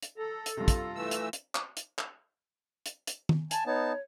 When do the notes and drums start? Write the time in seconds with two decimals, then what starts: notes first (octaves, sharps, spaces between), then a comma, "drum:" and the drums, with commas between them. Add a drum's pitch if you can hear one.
0.02 drum: hi-hat
0.18 A4 A#5
0.46 drum: hi-hat
0.57 G2 C3 F4 A#5
0.68 drum: kick, hi-hat
0.96 E3 A3 E6
1.11 drum: hi-hat
1.33 drum: hi-hat
1.55 drum: clap
1.77 drum: hi-hat
1.99 drum: clap
2.86 drum: hi-hat
3.07 drum: hi-hat
3.29 drum: tom
3.51 G#5 A5, drum: hi-hat
3.66 B3 D#4 C#5 A5